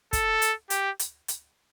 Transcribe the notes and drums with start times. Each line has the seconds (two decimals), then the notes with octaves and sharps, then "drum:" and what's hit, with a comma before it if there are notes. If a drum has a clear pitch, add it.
0.13 A4, drum: kick, hi-hat
0.42 drum: hi-hat
0.70 G4, drum: hi-hat
0.99 drum: hi-hat
1.28 drum: hi-hat